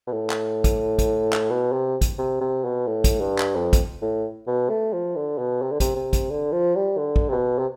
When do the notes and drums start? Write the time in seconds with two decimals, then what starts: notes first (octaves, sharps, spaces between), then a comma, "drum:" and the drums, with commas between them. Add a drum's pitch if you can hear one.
0.07 B2
0.12 A2
0.30 drum: clap
0.64 drum: kick, hi-hat
0.99 drum: kick, hi-hat
1.33 drum: clap
1.50 B2
1.73 C3
2.01 drum: kick, hi-hat
2.18 C3
2.41 C3
2.65 B2
2.87 A2
3.04 drum: kick, hi-hat
3.21 G2
3.39 drum: clap
3.56 F2
3.73 drum: kick, hi-hat
4.02 A2
4.47 B2
4.70 A3
4.93 F3
5.16 D3
5.38 B2
5.62 C3
5.72 D3
5.80 C3, drum: kick, hi-hat
5.95 C3
6.13 drum: kick, hi-hat
6.31 D3
6.52 F3
6.76 G3
6.98 D3
7.16 drum: kick
7.29 C3
7.32 B2
7.59 C3